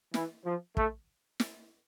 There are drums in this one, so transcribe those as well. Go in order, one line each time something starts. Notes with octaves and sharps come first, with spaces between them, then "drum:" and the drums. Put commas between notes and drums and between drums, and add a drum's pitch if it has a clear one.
E3, drum: snare
F3
A3, drum: kick
drum: snare